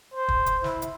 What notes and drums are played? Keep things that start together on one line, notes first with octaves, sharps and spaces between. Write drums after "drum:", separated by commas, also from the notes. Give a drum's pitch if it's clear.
C5
drum: kick
drum: hi-hat
E4, drum: snare
drum: hi-hat